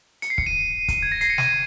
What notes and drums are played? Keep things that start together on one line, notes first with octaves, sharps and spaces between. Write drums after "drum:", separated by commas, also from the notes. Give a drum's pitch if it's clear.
C#7, drum: hi-hat
C7
C#7, drum: kick
D#7
drum: kick, hi-hat
G#6
A#6
C7, drum: hi-hat
C#7
D#7, drum: snare